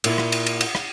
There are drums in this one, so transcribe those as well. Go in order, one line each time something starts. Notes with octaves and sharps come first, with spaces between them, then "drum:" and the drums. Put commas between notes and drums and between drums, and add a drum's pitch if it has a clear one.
A#2 E4, drum: cymbal
drum: rim click
drum: cymbal
drum: cymbal
drum: cymbal
drum: rim click